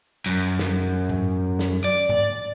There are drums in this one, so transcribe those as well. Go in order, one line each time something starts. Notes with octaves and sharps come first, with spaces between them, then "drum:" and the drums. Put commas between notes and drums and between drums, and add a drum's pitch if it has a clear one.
F#2
drum: snare
drum: tom G#2
drum: snare
D5
drum: tom G#2